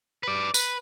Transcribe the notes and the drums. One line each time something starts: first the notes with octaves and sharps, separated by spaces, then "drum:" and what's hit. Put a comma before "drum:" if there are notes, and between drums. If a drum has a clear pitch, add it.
B4 D5
B4, drum: tambourine